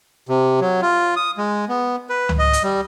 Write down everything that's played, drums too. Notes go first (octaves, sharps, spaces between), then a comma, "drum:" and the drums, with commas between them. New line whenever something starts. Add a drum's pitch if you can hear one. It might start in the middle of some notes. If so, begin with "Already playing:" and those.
C3
F#3
F4
D#6
G#3
B3
B4
drum: tom C#2
D#5
drum: hi-hat
G3